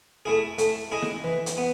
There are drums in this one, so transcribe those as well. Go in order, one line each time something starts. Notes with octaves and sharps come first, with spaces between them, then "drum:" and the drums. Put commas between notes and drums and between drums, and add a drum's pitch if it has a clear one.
A3 E4 G#4
A3, drum: hi-hat
E4 G#4 D#5
drum: snare
E3
drum: hi-hat
B3